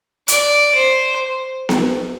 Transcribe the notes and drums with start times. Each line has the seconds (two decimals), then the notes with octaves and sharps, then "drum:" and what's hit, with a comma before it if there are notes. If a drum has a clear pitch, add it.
0.28 D5, drum: hi-hat
0.74 C5
1.69 drum: snare B3